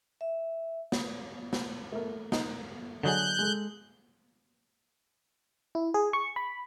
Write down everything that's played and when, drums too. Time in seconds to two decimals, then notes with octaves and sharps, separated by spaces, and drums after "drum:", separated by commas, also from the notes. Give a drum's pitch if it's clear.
0.21 E5
0.92 drum: snare
1.53 drum: snare
1.92 A3 A#4
2.32 D#4, drum: snare
3.03 D3 F#3 G#4 D#5 D#6 F#6 G6
3.39 G#3 A4
5.75 E4
5.94 G#4
6.13 C#6
6.36 B5